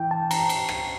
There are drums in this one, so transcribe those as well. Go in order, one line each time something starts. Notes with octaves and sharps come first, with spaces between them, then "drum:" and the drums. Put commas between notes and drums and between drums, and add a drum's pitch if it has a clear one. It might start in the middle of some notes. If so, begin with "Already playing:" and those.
Already playing: E3 E4 G5
A5
A#5, drum: cymbal
drum: cymbal
drum: rim click